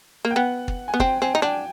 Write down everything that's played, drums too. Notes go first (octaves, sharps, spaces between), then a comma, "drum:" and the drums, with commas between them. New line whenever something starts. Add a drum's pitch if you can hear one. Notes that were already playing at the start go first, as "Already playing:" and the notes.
A#3
G5
B3 F#5
drum: kick
G#5
B3
C4 G5, drum: kick
C4 G#5
D#4
D4 G5